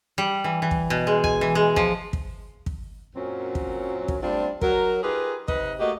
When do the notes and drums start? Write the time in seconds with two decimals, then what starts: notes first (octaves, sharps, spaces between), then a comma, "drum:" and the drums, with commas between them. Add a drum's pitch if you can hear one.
0.18 G3
0.44 E3
0.62 E3
0.71 drum: kick
0.90 B2
1.07 G#3
1.24 G#5, drum: kick
1.41 E3
1.55 G#3
1.76 F3, drum: kick
2.13 drum: kick
2.66 drum: kick
3.16 F#2 A#2 F#3 C4 C#4
3.55 drum: kick
4.08 drum: kick
4.23 G3 A3 C4 D4 F4
4.61 F#3 A#4, drum: kick
5.04 D#4 F4 G4 G#4 A#4 B4
5.48 C3 D#4 B4 D#5, drum: kick
5.80 A3 A#3 F#4 G4 D#5